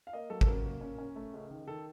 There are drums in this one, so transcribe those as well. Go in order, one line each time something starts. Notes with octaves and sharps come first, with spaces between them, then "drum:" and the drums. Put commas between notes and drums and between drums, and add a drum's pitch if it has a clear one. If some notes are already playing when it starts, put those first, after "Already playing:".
F5
A#3 D#5
F#3 A4
A4, drum: kick G#1
C#4 A#4
A#3
C#4
C#4
A3
C#2
D#3
D#3 A4